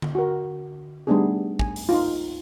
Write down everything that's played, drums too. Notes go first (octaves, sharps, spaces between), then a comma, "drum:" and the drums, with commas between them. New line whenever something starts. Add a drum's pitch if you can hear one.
drum: tom D3
F#4 A#4
G3 A3 B3 D4 D#4 G#4
G#5, drum: kick
drum: open hi-hat
D#4 F4